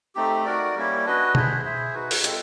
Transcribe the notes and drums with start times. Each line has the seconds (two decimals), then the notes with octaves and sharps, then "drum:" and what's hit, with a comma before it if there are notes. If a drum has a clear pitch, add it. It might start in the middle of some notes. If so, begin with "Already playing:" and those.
0.15 A3 C4 D#4 G4
0.45 D#4 F#4 A#4 D5
0.75 G3 A#3 C#4 E4
1.05 D4 F#4 B4 D#5
1.35 E4 G#4 C5 E5, drum: tom B2
1.64 E4 G#4 C5 E5
1.94 D#4 F#4 B4
2.11 drum: open hi-hat
2.24 G#3 C4 F4 A4, drum: hi-hat